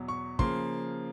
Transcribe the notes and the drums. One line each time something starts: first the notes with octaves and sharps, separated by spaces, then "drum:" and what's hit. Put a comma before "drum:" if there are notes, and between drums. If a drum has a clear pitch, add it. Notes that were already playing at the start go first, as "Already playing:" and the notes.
Already playing: E2 B2 F#3
C#6
C#3 F3 A#3 C6, drum: kick